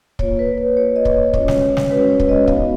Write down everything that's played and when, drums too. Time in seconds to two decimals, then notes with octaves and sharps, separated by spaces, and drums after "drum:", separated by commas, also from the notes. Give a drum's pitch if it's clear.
0.19 A#3 F4 C#5, drum: kick
0.39 B4
0.58 B4
0.77 A#3 F4 C#5
0.96 D#5
1.05 drum: kick
1.14 C#5
1.33 G#3 C#4 F#4 C#5, drum: kick
1.48 drum: snare
1.77 drum: snare
1.91 G#3 C#4 F#4 B4
2.10 C#5
2.20 drum: kick
2.29 D#5
2.48 B3 D#4 F#4 F5, drum: kick